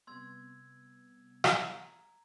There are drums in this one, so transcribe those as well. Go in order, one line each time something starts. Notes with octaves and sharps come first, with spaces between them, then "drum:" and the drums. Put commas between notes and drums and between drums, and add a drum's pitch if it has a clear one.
C3 G3 B3 C6 E6 G#6
A#5, drum: rim click